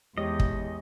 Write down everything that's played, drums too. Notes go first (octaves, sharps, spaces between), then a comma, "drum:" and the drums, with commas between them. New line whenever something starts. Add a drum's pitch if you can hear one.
E2 G#3 G4 C#5 D#5
drum: kick